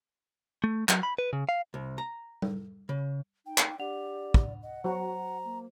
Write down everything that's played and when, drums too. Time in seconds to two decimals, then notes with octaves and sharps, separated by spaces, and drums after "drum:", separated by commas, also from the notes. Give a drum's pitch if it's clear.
0.64 A3
0.89 F#3, drum: clap
1.03 B5
1.18 B4
1.33 C#3
1.49 F5
1.74 C2
1.98 A#5
2.42 drum: tom G3
2.89 C#3
3.46 D#4 G5
3.58 drum: clap
3.79 D4 G4 D5 F#5 F7
4.34 drum: kick
4.63 D#5 F#5
4.84 F#3 F#4 C5 A#5
5.45 A#3